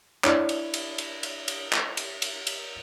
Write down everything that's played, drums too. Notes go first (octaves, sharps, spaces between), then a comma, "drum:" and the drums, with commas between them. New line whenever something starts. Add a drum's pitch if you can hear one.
D4 E4 C#5, drum: clap
drum: cymbal
drum: cymbal
drum: cymbal
drum: cymbal
drum: cymbal
drum: clap
drum: cymbal
drum: cymbal
drum: cymbal